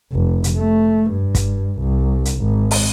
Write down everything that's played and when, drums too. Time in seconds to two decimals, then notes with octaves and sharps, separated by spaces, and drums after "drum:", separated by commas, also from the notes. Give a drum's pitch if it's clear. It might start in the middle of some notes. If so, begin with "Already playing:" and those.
0.13 F1
0.44 drum: hi-hat
0.57 A3
1.11 G2
1.35 drum: kick, hi-hat
1.80 C2
2.25 drum: hi-hat
2.38 G#1
2.71 drum: open hi-hat